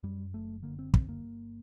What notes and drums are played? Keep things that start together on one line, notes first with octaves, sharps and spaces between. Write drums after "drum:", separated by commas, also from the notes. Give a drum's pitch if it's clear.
F#2 G3
F#1 A3
D3 A#3
C4
F#1 C4, drum: kick
A#3
G1